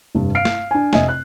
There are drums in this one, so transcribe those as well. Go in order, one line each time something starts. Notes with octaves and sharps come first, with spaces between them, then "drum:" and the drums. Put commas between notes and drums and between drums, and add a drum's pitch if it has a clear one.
F1 G2 D4
F5 F6 C7 D7
drum: snare
D4 G#5
F1 D#5 E5 G#5, drum: snare
F#6